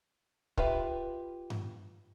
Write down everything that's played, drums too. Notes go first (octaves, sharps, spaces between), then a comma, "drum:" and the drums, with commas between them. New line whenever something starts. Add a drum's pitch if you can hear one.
F4 G4 B4 E5, drum: kick
drum: tom G2